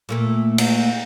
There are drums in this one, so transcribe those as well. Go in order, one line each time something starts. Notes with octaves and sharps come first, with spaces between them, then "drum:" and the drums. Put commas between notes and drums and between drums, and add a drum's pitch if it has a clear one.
A#2 A3 A#3
drum: cymbal